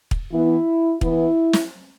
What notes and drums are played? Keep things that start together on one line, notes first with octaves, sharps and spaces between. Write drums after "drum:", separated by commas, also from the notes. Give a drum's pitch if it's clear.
drum: kick
E3 B3 E4
E3 B3 E4, drum: kick
drum: snare